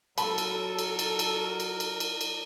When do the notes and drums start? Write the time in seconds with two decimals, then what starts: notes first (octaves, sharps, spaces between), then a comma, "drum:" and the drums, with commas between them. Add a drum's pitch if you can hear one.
0.18 F#3 A4 A#4 A5 B5, drum: cymbal
0.38 drum: cymbal
0.79 drum: cymbal
0.99 drum: cymbal
1.19 drum: cymbal
1.60 drum: cymbal
1.80 drum: cymbal
2.00 drum: cymbal
2.21 drum: cymbal